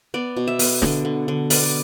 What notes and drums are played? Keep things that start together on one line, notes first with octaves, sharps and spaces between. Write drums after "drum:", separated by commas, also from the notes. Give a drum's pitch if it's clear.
B3 D5
B2
E5
B3, drum: open hi-hat
D3, drum: snare
D3
D3
B3 D5, drum: open hi-hat